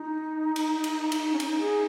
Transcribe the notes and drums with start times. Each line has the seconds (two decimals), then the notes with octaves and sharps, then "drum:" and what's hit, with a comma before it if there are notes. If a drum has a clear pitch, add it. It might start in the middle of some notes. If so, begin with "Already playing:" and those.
Already playing: D#4
0.56 drum: cymbal
0.84 drum: cymbal
1.12 drum: cymbal
1.33 C#4
1.40 D#4, drum: cymbal
1.61 G#4